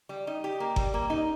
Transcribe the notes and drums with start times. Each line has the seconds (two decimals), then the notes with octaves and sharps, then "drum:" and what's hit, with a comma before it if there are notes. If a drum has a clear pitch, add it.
0.09 G3
0.27 D#4
0.44 G4
0.60 A#3
0.76 G3, drum: kick G1
0.94 A#3
1.10 D#4